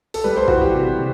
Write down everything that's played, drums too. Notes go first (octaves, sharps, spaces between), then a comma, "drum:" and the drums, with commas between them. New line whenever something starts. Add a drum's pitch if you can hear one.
A4, drum: open hi-hat
G3 B4
C5
E3 F#4, drum: kick
G4
C3
C3